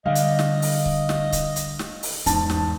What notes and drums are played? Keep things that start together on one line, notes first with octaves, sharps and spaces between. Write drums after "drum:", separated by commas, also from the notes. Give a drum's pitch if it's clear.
D3 G3 D#5 F5
drum: hi-hat
drum: snare
drum: open hi-hat
drum: kick C#1
drum: snare
drum: kick C#1, hi-hat
drum: hi-hat
drum: snare
drum: open hi-hat
E2 G#2 A5, drum: kick C#1, hi-hat
drum: snare